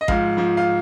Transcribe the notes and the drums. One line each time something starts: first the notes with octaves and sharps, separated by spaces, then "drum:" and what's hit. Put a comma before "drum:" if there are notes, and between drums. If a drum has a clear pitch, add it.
D#5
G#2 F3 F5, drum: kick A1
G#2 F3
F5